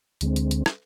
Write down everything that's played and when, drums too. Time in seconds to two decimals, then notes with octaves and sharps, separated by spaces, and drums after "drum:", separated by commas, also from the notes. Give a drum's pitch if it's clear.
0.21 D2 D3 G#3 C4, drum: hi-hat
0.36 drum: hi-hat
0.51 drum: hi-hat
0.66 drum: rim click